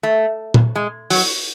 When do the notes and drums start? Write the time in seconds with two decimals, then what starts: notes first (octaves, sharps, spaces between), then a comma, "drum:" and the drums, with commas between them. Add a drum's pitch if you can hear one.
0.03 A3
0.54 drum: tom A#2
0.75 G#3
1.10 F#3, drum: open hi-hat